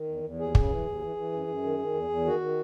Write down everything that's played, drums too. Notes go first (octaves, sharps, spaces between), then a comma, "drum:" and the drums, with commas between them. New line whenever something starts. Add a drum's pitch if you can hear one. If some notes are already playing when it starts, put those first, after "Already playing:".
Already playing: D#3
E2
E2
D#2 G#4
C#3, drum: kick
E3
D#2
E3
E3
F#2
F#2
D#3
D#3
E2
E2
D#3 F#4
D#3